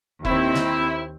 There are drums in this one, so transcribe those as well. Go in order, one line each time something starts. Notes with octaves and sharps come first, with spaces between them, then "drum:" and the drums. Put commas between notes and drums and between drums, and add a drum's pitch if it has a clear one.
D#2 C4 E4, drum: kick E1
drum: snare